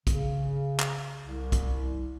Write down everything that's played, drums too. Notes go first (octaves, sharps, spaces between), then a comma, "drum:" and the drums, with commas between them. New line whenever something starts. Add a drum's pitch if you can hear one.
C#3, drum: kick A#1, hi-hat
drum: clap
C2
drum: kick A#1, hi-hat